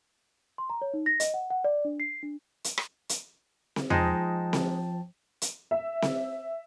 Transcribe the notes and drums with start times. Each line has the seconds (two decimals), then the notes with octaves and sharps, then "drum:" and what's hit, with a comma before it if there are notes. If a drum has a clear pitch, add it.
0.58 C6
0.70 A#5
0.82 C#5
0.94 D#4
1.06 A#6
1.20 D#5, drum: hi-hat
1.34 F#5
1.50 F#5
1.64 D5
1.85 D4
2.00 C7
2.23 D4
2.64 drum: hi-hat
2.78 drum: rim click
3.09 drum: hi-hat
3.76 drum: snare C4
3.90 F3 G#3 D#4 G5 A5, drum: tom E2
4.53 drum: snare C4
5.42 drum: hi-hat
5.71 E5
6.02 drum: snare C4